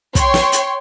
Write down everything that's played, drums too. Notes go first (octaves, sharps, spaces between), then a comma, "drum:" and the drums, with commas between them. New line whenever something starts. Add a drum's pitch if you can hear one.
C#5 G5 C6 C#6, drum: kick, hi-hat
drum: snare
drum: hi-hat